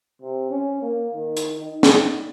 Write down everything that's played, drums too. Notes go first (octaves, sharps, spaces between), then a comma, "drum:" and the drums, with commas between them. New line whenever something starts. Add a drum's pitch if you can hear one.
C3
C#4
A#3
D#3
drum: hi-hat
D#4
drum: snare